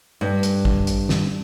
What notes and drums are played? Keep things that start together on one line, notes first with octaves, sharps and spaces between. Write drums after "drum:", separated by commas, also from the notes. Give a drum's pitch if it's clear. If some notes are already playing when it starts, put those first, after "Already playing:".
G2
drum: hi-hat
drum: kick
drum: hi-hat
drum: snare